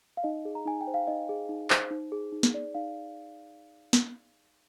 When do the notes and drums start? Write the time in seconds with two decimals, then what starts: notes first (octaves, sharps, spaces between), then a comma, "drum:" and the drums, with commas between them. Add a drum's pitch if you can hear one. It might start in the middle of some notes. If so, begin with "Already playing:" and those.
0.17 F5
0.24 D#4 D#5
0.45 G#4
0.55 A#5
0.65 D#4 G#5
0.81 G5
0.87 C5
0.94 F5
1.07 D#4 D#5
1.29 G#4
1.49 D#4
1.70 C5, drum: clap
1.91 D#4
2.12 G#4
2.32 D#4
2.43 drum: snare
2.54 D5
2.75 D#4 F5
3.93 drum: snare